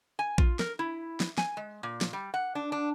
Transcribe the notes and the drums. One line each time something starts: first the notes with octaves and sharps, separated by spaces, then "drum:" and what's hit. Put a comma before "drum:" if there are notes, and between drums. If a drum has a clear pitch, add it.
G#5
F4, drum: kick A#1
A#4, drum: snare
E4
drum: snare
G#5, drum: snare
G#3
A#2
drum: snare
G3
F#5
D4
D4